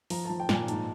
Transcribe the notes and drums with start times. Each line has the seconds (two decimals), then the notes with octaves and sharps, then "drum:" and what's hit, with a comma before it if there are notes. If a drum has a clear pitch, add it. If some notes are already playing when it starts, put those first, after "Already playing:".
0.10 F3 A#5, drum: open hi-hat
0.25 F3 A5
0.40 G5
0.49 A#2 G#5, drum: snare
0.68 G#2 A5, drum: hi-hat